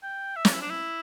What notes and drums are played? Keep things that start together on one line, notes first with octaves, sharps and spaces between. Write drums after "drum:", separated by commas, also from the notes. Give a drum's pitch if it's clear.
G5
E5
D5, drum: snare
E4
D4
E4